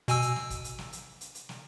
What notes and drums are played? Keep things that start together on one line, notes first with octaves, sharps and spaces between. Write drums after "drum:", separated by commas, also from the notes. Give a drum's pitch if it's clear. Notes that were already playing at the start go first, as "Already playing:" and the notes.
B2 G#5 E6, drum: hi-hat
drum: hi-hat
drum: snare
drum: kick, hi-hat
drum: hi-hat
drum: snare
drum: hi-hat
drum: hi-hat
drum: hi-hat
drum: snare